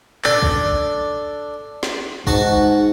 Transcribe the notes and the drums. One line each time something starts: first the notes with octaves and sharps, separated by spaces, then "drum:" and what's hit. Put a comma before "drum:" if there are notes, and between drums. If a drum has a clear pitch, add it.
D4 A4, drum: clap
drum: kick
drum: snare
G#2 F#4 A5 C#6, drum: kick